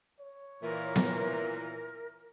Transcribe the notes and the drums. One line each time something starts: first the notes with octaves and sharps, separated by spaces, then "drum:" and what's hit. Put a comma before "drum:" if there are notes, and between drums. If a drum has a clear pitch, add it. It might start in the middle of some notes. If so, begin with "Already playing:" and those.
C#5
A#2 E3 A#4
drum: snare B3